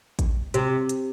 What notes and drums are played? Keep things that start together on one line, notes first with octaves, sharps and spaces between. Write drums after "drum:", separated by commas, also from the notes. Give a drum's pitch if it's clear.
drum: kick, hi-hat
C3, drum: hi-hat
drum: hi-hat